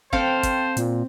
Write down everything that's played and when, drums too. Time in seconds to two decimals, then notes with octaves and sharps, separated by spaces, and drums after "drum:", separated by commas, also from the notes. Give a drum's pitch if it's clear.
0.13 C4 A4 C5 F5 G5, drum: kick
0.43 drum: kick, hi-hat
0.77 A#2, drum: hi-hat